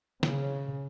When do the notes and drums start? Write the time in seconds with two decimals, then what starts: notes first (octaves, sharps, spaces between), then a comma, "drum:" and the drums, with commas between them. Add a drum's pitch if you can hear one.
0.23 C#3, drum: snare